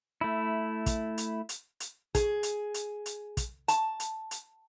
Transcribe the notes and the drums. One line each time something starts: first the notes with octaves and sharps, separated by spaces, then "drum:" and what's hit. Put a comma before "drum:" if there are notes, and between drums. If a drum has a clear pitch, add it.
A3 E4
drum: kick, hi-hat
drum: hi-hat
drum: hi-hat
drum: hi-hat
G#4, drum: kick, hi-hat
drum: hi-hat
drum: hi-hat
drum: hi-hat
drum: kick, hi-hat
A5, drum: hi-hat
drum: hi-hat
drum: hi-hat